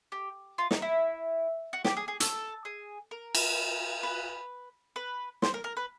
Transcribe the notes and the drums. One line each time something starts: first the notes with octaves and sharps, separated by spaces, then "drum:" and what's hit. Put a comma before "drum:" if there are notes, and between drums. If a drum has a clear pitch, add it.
G4
F4
D#4, drum: snare
E4
F#4
G4, drum: snare
G#4
G#4
A4, drum: hi-hat
G#4
A#4
drum: cymbal
B4
B4
C5, drum: snare
A#4
A#4
B4